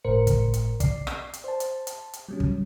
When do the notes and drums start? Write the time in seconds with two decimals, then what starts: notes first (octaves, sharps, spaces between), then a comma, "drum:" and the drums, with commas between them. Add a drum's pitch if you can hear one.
0.04 G1 A2 A#4 C5 C#7
0.27 drum: kick, hi-hat
0.54 drum: hi-hat
0.80 D5 C7, drum: kick, hi-hat
1.07 drum: rim click
1.34 drum: hi-hat
1.44 C5 A5
1.60 drum: hi-hat
1.87 drum: hi-hat
2.13 drum: hi-hat
2.28 F#3 G3 C#4
2.40 drum: kick